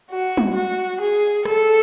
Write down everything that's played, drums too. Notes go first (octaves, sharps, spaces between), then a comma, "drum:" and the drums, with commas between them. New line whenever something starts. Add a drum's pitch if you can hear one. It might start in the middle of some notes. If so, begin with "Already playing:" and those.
F#4
drum: tom
F#4
G#4
A4, drum: rim click